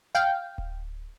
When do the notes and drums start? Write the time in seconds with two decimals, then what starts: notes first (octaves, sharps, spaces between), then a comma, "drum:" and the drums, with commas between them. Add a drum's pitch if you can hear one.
0.15 F5 G5
0.58 drum: kick D1